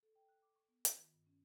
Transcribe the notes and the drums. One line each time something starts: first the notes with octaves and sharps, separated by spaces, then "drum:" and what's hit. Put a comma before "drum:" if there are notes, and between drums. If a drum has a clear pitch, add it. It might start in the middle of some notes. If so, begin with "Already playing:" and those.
A4
G5
F#6
D6
C#6
B3
F4, drum: hi-hat
D#3
G2
C#4